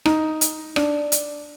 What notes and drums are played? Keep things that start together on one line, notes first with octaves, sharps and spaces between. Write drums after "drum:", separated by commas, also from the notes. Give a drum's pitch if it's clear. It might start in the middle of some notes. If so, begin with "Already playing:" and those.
D#4, drum: rim click
drum: hi-hat
D4, drum: rim click
drum: hi-hat